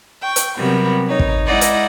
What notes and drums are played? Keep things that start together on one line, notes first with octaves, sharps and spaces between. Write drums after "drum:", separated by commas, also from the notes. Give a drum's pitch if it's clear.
G5 C#6
drum: hi-hat
C3 F#3 G3 B3 A#4
D#4 C#5
drum: kick
G#3 D#4 E4 D5 D#5 F#5
drum: hi-hat